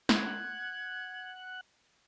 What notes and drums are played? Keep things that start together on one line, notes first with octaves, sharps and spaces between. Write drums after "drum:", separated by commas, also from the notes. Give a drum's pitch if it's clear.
F#5 F#6 G#6, drum: snare